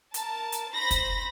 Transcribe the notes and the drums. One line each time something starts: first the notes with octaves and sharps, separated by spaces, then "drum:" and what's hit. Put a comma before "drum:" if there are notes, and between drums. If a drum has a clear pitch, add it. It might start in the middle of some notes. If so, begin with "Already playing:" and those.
A#4 A5, drum: hi-hat
drum: hi-hat
C5 B5 A#6
drum: kick, hi-hat